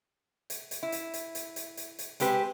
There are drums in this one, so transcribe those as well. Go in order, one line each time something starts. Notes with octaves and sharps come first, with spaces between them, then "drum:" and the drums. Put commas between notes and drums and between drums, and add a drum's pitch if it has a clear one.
drum: hi-hat
drum: hi-hat
E4
drum: hi-hat
drum: hi-hat
drum: hi-hat
drum: hi-hat
drum: hi-hat
drum: hi-hat
G#3 C4 G4 B4, drum: hi-hat